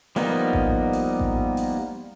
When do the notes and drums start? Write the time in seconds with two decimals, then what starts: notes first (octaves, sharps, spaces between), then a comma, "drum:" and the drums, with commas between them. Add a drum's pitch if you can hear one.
0.16 F3 G3 A#3 B3 D#4, drum: open hi-hat
0.53 drum: kick A1
0.93 drum: open hi-hat
1.19 drum: kick A1
1.57 drum: open hi-hat